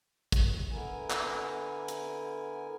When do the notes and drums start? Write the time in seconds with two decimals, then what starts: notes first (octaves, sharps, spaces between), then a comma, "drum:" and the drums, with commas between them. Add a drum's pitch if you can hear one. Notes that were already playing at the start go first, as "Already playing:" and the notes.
0.32 drum: kick, hi-hat
0.71 D3 B3 E4 A#4 G#5
1.10 drum: clap
1.88 drum: hi-hat